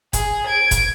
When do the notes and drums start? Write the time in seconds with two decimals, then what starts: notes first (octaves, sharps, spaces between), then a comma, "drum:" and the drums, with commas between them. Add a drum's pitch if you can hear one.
0.13 G#4, drum: kick F1, hi-hat
0.47 G#6 D7
0.71 drum: kick F1, hi-hat